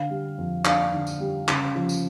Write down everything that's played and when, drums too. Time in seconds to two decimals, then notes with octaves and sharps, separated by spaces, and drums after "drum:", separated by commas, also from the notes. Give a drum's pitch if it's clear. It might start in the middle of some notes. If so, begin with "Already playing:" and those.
Already playing: D3 F5
0.10 G3
0.38 F2
0.65 D4 F5, drum: clap
0.93 D3
1.07 drum: tambourine
1.20 G3
1.48 C#3, drum: clap
1.75 F3
1.89 drum: tambourine